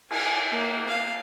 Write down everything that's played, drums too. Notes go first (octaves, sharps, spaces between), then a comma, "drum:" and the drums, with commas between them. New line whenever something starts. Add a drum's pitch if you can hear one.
G#5, drum: cymbal
A#3
F5